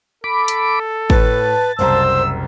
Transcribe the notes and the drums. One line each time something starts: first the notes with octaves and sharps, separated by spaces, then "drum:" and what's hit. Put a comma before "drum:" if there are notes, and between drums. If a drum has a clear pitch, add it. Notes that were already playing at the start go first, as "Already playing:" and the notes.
A4 B5 D6
drum: hi-hat
A2 B4 A5, drum: kick
F#1 C2 C5 A#5 E6